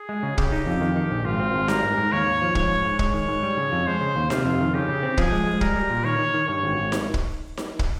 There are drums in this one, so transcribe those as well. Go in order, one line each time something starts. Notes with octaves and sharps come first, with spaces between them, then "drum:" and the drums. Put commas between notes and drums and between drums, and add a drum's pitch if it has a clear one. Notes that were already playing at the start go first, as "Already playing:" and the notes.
Already playing: G#4
G#3
C#3
C#3 G4, drum: kick
D#4
F2
D#3
D#3
A#1
G#1 F4
C4
G#1
G3 A#4, drum: snare D#4
G#2
G#2
D#2 C#5
D#2
F3
G#2 C#5, drum: kick
G#2
G#2
G#3 C#5, drum: kick
D#3
G#2
G3
C#3
F2
G#3 C5
C#3
D#2
C3 F4, drum: snare D#4
F2
D#3
C#3 G4
C#3
C4
F3 G#4, drum: kick
G#3
G#3
G3 A#4, drum: kick
G3
A#2
D#3 C#5
D#3
D#3
G2 C#5
G#1
G#1
drum: snare D#4
drum: kick
drum: snare D#4
drum: kick